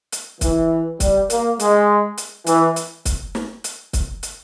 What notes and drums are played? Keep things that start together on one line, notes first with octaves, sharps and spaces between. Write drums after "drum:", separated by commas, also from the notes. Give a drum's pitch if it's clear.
drum: hi-hat
E3, drum: kick, hi-hat
G3, drum: kick, hi-hat
A#3, drum: hi-hat
G#3, drum: hi-hat
drum: hi-hat
E3, drum: hi-hat
drum: hi-hat
drum: kick, hi-hat
drum: snare
drum: hi-hat
drum: kick, hi-hat
drum: hi-hat